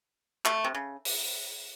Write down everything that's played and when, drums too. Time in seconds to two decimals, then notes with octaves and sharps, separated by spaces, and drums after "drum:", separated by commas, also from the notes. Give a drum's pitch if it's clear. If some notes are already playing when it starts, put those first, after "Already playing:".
0.45 A3, drum: clap
0.64 C3
0.75 C#3
1.05 drum: open hi-hat